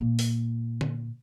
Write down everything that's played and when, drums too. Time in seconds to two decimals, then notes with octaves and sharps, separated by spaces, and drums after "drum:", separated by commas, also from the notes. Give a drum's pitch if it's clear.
0.01 A#2
0.19 drum: open hi-hat
0.81 drum: tom D3